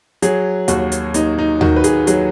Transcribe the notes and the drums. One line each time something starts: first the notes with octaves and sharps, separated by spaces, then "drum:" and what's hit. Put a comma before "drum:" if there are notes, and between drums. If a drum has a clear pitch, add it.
F#3 G#4, drum: hi-hat
D#2 F#4, drum: hi-hat
drum: hi-hat
D#2 D#4, drum: hi-hat
D#4
D#3 F#4, drum: tom D#2
B4
G#4, drum: hi-hat
F#3 G#4, drum: hi-hat